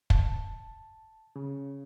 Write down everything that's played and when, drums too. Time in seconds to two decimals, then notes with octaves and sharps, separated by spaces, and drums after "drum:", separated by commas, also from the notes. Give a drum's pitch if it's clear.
0.10 A5, drum: kick
1.36 C#3